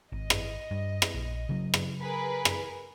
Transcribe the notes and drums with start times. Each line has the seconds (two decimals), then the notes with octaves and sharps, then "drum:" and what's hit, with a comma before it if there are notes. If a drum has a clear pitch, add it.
0.12 G#1 D#5
0.30 drum: rim click
0.71 G2
1.02 drum: rim click
1.14 A#1
1.49 C#3 F#3
1.74 drum: rim click
2.02 G#4 A#4 B4
2.45 drum: rim click